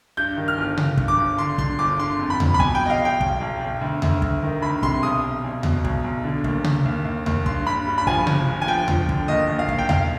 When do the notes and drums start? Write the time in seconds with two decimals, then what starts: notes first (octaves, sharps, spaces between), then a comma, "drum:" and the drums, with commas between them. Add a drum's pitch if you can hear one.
0.17 G2 G6
0.36 D#3
0.48 F6
0.58 G1
0.77 G1, drum: tom C3
0.97 G2, drum: kick
1.08 D6
1.18 G1
1.38 D3 C6
1.58 D3 C6, drum: kick
1.79 G1 D6
1.99 D3 C6
2.19 F2
2.30 B5
2.40 F3, drum: tom D#2
2.54 B5
2.60 B2 G#5, drum: kick
2.75 G5
2.80 B1
2.86 D#5
2.90 F5
3.01 B1 G5
3.21 B1, drum: kick
3.41 B1
3.61 B1
3.81 D2
4.02 D2, drum: tom D#2
4.22 D2, drum: kick
4.42 D#3
4.62 D2 B5
4.83 C3 C6, drum: kick
5.03 B1 D#6
5.24 B1
5.44 B1
5.63 B2, drum: tom D#2
5.84 B1, drum: kick
6.04 B1
6.24 D3
6.44 D#2, drum: kick
6.64 D#2, drum: tom C3
6.85 D#2
7.05 D#2
7.26 D#2, drum: tom D#2
7.46 G2 C6, drum: kick
7.66 G2 B5
7.87 G2
7.98 B5
8.07 F3 G#5, drum: kick
8.27 G1, drum: tom C3
8.48 G1
8.62 G#5
8.68 F3 G5
8.88 F3, drum: tom D#2
9.09 D3, drum: kick
9.28 D#2 D#5
9.49 D#2
9.59 F5
9.69 D#2, drum: kick
9.79 G5
9.89 B1 F5, drum: tom D#2